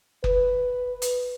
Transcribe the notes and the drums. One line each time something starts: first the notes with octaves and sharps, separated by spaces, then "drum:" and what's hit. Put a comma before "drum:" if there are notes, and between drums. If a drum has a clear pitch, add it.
B4, drum: kick F#1
drum: hi-hat